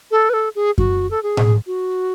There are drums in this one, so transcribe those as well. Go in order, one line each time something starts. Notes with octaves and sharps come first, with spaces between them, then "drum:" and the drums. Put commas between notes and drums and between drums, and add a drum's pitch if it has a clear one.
A4
B4
A4
G#4
F#4, drum: kick F#2
A4
G#4
drum: tom A2
F#4